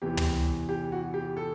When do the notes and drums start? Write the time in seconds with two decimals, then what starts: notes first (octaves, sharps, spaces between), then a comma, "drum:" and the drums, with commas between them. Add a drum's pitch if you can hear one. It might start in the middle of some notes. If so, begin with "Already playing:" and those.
0.02 E2 C3 E3 G4
0.17 drum: tom
0.69 G4
0.92 F#4
1.14 G4
1.37 A4